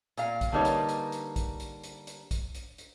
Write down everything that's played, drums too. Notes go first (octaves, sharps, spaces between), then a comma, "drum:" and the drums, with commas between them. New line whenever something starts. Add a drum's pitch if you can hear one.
A#2 F5, drum: hi-hat
drum: kick, hi-hat
D3 G3 A#3 D#4 B4 C#5
drum: hi-hat
drum: hi-hat
drum: hi-hat
drum: kick, hi-hat
drum: hi-hat
drum: hi-hat
drum: hi-hat
drum: kick, hi-hat
drum: hi-hat
drum: hi-hat